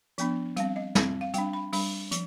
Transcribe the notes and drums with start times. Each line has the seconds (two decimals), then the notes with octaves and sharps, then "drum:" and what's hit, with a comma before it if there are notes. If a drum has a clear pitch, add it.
0.18 F3 B3 D4, drum: hi-hat
0.56 G3 C4 F5, drum: hi-hat
0.76 D#5
0.95 G3 C4, drum: snare
1.21 F5
1.34 G3 D4 G5, drum: hi-hat
1.53 B5
1.73 G3 D4 B5, drum: open hi-hat
2.11 F3, drum: hi-hat